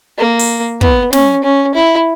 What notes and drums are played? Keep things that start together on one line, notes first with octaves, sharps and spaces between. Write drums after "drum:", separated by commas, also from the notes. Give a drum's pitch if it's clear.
A#3
drum: open hi-hat
B3, drum: kick
C#4, drum: snare
C#4
E4